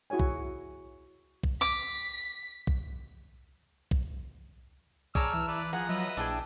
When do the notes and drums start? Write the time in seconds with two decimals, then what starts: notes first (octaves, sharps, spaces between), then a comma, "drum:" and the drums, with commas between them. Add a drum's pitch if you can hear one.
0.10 E4 F#4 G#4 C#5 G#5
0.20 drum: kick
1.43 drum: kick
1.61 D6 B6
2.67 drum: kick
3.91 drum: kick
5.15 G#4 C#5 D5 A5 A#5 E6 F6, drum: kick
5.33 E3 E5
5.48 B4 D5
5.73 F3 G#4 F#5 A#5
5.89 F#3 B4 D#5 E5
6.17 A#1 D4 E4 G#4 G5 A5